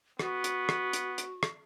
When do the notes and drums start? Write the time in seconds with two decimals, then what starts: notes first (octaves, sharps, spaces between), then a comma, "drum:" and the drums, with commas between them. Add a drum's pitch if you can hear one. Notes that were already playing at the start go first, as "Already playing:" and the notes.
0.19 B3 F#4, drum: rim click
0.44 drum: hi-hat
0.69 drum: rim click
0.93 drum: hi-hat
1.18 drum: hi-hat
1.43 drum: rim click